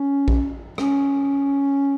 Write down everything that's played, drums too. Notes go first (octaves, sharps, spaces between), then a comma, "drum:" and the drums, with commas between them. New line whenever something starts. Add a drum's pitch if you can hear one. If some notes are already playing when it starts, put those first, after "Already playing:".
Already playing: C#4
drum: kick A#1
C#4, drum: rim click